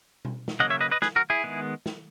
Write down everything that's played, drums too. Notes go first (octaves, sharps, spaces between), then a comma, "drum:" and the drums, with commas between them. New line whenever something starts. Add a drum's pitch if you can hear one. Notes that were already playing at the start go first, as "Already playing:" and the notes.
drum: tom B2
drum: snare
C#3 F#3 A#3 D#5 F#5
C#5 E5
B4 D#5
B4 D#5
G#4 B4, drum: snare
F#4 A#4
E4 G#4
D#3 G#3 B3
drum: snare